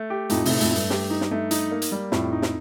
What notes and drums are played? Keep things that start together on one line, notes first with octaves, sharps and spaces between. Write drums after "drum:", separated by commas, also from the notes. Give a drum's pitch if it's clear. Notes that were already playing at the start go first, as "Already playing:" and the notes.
Already playing: A3
G4
F2 A2 D#4, drum: hi-hat
A2 C3 A3, drum: open hi-hat
F2 A2, drum: hi-hat
A3
G2, drum: hi-hat
G4, drum: snare
D#4
drum: snare
A3
D#4, drum: hi-hat
A#3
drum: hi-hat
G3
F2 A2, drum: snare
D#4
drum: snare